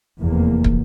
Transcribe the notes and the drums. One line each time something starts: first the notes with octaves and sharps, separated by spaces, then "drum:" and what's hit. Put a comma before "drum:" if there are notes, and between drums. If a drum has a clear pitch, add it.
F1 E2 A#3
drum: kick